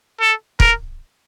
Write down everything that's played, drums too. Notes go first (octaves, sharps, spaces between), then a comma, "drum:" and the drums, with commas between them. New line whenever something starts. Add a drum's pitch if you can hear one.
A4
A#4, drum: kick